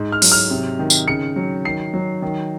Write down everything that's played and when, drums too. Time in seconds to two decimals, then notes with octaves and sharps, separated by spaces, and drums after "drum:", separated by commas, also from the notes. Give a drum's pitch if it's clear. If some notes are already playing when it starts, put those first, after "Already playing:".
Already playing: G#2
0.12 F6
0.22 F#3, drum: open hi-hat
0.32 F6
0.50 C3
0.79 D#3
0.90 drum: tambourine
1.08 C#3 C#7
1.36 F#3
1.65 D#3 C7
1.94 F#3
2.22 D#3